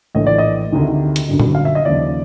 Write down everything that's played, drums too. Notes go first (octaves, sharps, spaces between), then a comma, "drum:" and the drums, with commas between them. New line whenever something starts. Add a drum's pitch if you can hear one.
A#1 A2 E3 A3 D#5
D5
D#5
D2 C3 D#3
drum: hi-hat
G1 F#2 D3
drum: tom A#2
F5
E5
D#5
D#2 C#3 F3 D5